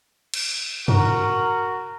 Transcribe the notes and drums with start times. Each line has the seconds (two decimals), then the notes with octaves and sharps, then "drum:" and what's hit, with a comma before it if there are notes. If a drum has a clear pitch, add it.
0.34 drum: cymbal
0.88 F#4 A#4, drum: tom F#2